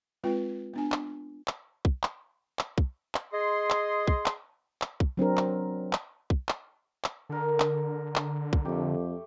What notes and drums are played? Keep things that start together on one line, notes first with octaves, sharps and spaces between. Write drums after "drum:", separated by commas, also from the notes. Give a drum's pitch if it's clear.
G#3 C4 F4 B4 G5
B3 D4 G#5
drum: clap
drum: clap
drum: kick
drum: clap
drum: clap
drum: kick
drum: clap
G#4 D#5 C6
drum: clap
drum: kick
drum: clap
drum: clap
drum: kick
F#3 C4 D4 A#4
drum: clap
drum: clap
drum: kick
drum: clap
drum: clap
D3 A4 A#4
drum: clap
drum: clap
drum: kick
F2 A3 G4